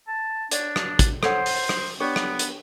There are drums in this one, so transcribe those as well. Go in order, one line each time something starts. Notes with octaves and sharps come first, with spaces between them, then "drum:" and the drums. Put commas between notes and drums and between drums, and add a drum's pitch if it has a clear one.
A5
D4 C#5 D5, drum: hi-hat
drum: rim click
drum: kick, hi-hat
A4 C5 C#5 F#5, drum: rim click
drum: open hi-hat
drum: rim click
B3 D4 G4 C#5
drum: rim click
drum: hi-hat